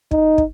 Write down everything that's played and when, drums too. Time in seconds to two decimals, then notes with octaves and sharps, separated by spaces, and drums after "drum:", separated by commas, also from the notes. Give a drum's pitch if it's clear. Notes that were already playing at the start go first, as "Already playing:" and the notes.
0.11 D#4, drum: kick
0.38 drum: kick